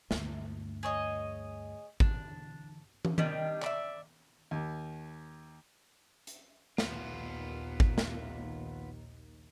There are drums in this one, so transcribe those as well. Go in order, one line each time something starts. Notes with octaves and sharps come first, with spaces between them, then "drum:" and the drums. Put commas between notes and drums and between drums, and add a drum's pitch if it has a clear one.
D2 G2, drum: snare
G#4 C#5 D#5
D3 E3 D4, drum: kick G#1
drum: tom
C3 D#3 G3 D4, drum: tom D#3
D5 E5, drum: clap
D#2
drum: hi-hat
A#1 D#2 D#3 B3 F4, drum: snare
drum: kick G#1
drum: snare